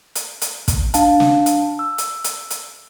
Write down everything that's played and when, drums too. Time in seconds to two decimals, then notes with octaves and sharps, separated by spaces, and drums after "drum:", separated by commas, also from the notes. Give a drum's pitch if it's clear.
0.16 drum: hi-hat
0.42 drum: hi-hat
0.68 drum: kick, hi-hat
0.94 D4 F5 A5, drum: hi-hat
1.20 drum: snare
1.46 drum: hi-hat
1.79 E6
1.98 drum: hi-hat
2.24 drum: hi-hat
2.51 drum: hi-hat